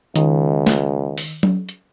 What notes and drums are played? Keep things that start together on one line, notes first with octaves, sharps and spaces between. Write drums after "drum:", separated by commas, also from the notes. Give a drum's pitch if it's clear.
C#2 D#3, drum: hi-hat
drum: snare
drum: open hi-hat
drum: tom F#3
drum: hi-hat